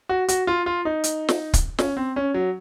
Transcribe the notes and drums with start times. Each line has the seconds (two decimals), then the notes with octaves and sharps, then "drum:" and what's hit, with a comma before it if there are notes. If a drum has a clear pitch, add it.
0.09 F#4
0.28 F#4, drum: hi-hat
0.47 F4
0.66 F4
0.85 D#4
1.04 drum: hi-hat
1.29 drum: snare
1.54 drum: kick, hi-hat
1.79 C#4, drum: snare
1.97 C4
2.16 C#4
2.34 F#3